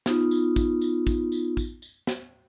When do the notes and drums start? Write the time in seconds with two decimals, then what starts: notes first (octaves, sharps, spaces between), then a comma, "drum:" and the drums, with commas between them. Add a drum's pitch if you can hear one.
0.06 B3 D#4 F4, drum: snare
0.31 drum: tambourine
0.56 drum: kick, tambourine
0.82 drum: tambourine
1.07 drum: kick, tambourine
1.32 drum: tambourine
1.57 drum: kick, tambourine
1.82 drum: tambourine
2.07 drum: snare